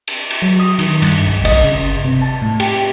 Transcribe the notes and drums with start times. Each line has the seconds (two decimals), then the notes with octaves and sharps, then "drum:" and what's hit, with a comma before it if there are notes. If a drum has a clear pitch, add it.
0.08 drum: cymbal
0.30 drum: cymbal
0.42 F#3
0.60 D#6
0.79 D#3, drum: cymbal
1.02 G2, drum: cymbal
1.27 B1
1.45 D#5, drum: kick, cymbal
1.63 C#3
1.79 G1
2.05 C3
2.22 A5
2.42 A2
2.60 G4, drum: cymbal